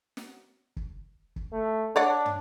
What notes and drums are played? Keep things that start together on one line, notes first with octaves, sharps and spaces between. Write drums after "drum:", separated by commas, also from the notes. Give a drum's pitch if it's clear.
drum: snare
drum: kick
drum: kick
A3
D4 C#5 D5 F#5
drum: tom